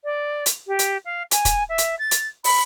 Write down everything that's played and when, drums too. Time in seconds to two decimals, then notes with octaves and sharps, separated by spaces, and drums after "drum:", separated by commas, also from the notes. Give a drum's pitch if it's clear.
0.04 D5
0.46 drum: hi-hat
0.67 G4
0.79 drum: hi-hat
1.05 F5
1.31 G#5, drum: hi-hat
1.45 drum: kick, hi-hat
1.69 E5
1.78 drum: hi-hat
1.99 A6
2.11 drum: hi-hat
2.44 B5, drum: open hi-hat